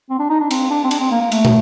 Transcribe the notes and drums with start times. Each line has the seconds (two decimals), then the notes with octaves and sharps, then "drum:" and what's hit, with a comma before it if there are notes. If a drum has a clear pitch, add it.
0.10 C4
0.19 D4
0.30 D#4
0.40 D4
0.51 C4, drum: cymbal
0.70 D4
0.84 C4
0.91 D4, drum: cymbal
1.00 C4
1.11 A#3
1.21 A#3
1.32 A3, drum: cymbal
1.45 drum: tom